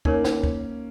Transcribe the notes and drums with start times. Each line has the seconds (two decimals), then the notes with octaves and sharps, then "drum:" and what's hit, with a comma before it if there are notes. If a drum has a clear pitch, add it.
0.05 A#3 C#4 D#4 A#4 C#5, drum: kick
0.24 drum: snare
0.44 drum: kick